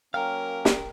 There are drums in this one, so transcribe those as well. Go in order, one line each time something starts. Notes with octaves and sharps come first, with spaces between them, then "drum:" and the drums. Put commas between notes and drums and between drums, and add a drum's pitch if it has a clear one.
F#3 A#3 C#4 A#4 F5 G5 A#5
drum: snare